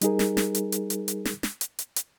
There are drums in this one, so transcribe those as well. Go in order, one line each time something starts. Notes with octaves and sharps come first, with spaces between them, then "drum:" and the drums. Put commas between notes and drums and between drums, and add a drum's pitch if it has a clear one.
G3 D#4 G#4 A#4, drum: hi-hat
drum: snare
drum: snare
drum: hi-hat
drum: hi-hat
drum: hi-hat
drum: hi-hat
drum: snare
drum: snare
drum: hi-hat
drum: hi-hat
drum: hi-hat